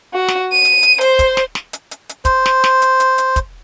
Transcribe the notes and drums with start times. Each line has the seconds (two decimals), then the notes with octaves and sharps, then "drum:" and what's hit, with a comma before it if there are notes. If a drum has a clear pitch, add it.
0.13 F#4
0.28 drum: snare
0.52 D#7
0.65 drum: hi-hat
0.83 drum: hi-hat
1.01 C5, drum: hi-hat
1.19 drum: kick, hi-hat
1.37 drum: snare
1.55 drum: snare
1.73 drum: hi-hat
1.91 drum: hi-hat
2.09 drum: hi-hat
2.25 C5, drum: kick, hi-hat
2.46 drum: snare
2.64 drum: snare
2.82 drum: hi-hat
3.00 drum: hi-hat
3.18 drum: hi-hat
3.36 drum: kick, hi-hat